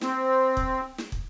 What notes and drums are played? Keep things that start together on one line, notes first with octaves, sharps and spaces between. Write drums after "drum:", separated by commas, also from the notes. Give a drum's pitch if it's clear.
C4, drum: snare
drum: kick
drum: snare
drum: kick